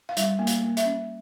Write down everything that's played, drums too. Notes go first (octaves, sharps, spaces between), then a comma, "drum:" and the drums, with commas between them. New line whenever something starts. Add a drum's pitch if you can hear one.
F5
G3 E5, drum: hi-hat
A#3
F5, drum: hi-hat
A#3
E5, drum: hi-hat
C#4